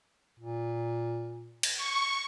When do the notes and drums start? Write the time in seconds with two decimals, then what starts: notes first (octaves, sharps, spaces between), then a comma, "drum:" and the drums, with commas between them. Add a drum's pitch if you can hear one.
0.39 A#2
1.63 drum: cymbal
1.76 C#6